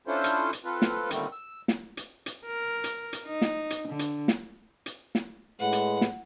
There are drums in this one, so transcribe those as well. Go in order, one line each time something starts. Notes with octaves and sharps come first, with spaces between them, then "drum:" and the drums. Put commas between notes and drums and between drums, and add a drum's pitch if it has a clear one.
C#4 D4 E4 F4 A4 C5
drum: hi-hat
drum: hi-hat
C4 F4 A4 B4
drum: snare
A#2 D3 D#3 G3 A3 C4, drum: hi-hat
E6
drum: snare
drum: hi-hat
drum: hi-hat
A#4
drum: hi-hat
drum: hi-hat
D#4
drum: snare
drum: hi-hat
D3
drum: hi-hat
drum: snare
drum: hi-hat
drum: snare
A2 G#3 B4 F#5
drum: hi-hat
drum: snare